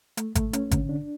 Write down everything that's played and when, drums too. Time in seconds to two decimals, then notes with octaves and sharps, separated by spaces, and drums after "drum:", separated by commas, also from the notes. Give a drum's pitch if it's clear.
0.17 A3, drum: hi-hat
0.35 A3, drum: kick, hi-hat
0.53 C#4, drum: hi-hat
0.71 D3, drum: kick, hi-hat
0.89 D4